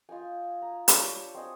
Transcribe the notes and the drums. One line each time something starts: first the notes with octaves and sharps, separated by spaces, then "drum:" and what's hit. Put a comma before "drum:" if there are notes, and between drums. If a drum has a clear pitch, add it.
F4 D#5 G5 G#5
A#5
D4 G4 C#5 A5, drum: hi-hat
C4 D#5 G#5